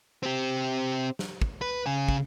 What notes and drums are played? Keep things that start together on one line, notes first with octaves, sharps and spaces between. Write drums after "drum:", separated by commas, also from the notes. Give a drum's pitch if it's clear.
C4 G4
drum: snare
drum: kick
B4
C#3 G#5
drum: kick